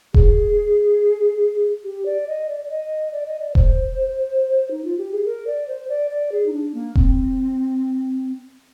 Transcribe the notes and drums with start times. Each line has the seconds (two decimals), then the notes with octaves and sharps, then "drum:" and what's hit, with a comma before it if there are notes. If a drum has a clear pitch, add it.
0.14 G#4, drum: kick E1
1.84 G4
2.06 D5
2.27 D#5
2.49 D5
2.65 D5
2.70 D#5
3.12 D5
3.26 D#5
3.40 D5
3.55 C5, drum: kick E1
4.71 D#4
4.85 F4
4.98 G4
5.12 G#4
5.25 A#4
5.47 D5
5.68 C5
5.89 D5
6.11 D5
6.32 G#4
6.46 D#4
6.53 D4
6.75 A#3
6.95 C4, drum: kick E1